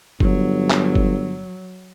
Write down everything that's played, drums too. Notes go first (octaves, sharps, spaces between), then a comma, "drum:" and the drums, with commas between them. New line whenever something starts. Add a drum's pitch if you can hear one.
G1 F#3, drum: kick F#1
drum: clap
drum: kick F#1